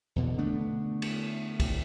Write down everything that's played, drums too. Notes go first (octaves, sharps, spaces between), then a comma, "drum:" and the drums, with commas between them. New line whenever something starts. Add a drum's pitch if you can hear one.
E2 B2 D3
D3 A3 B3 D4
drum: cymbal
drum: kick, cymbal